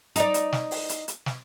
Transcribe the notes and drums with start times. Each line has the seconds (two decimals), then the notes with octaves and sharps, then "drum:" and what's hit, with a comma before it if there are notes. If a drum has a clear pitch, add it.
0.16 D#4 D5, drum: hi-hat
0.34 drum: hi-hat
0.53 drum: snare
0.71 drum: open hi-hat
0.89 drum: hi-hat
1.08 drum: hi-hat
1.26 drum: snare